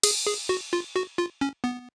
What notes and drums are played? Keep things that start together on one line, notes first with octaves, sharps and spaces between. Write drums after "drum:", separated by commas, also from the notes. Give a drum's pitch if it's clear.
G#4, drum: cymbal
G#4
F#4
F4
F#4
F4
C#4
B3